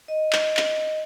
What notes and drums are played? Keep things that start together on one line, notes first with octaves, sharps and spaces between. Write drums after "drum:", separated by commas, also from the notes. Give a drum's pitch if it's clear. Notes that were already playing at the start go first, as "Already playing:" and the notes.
D#5
drum: clap
drum: clap